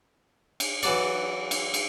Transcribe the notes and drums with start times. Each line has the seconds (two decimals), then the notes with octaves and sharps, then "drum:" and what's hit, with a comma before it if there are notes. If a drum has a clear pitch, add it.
0.60 drum: cymbal
0.83 E3 F#3 D5, drum: cymbal
1.51 drum: cymbal
1.74 drum: cymbal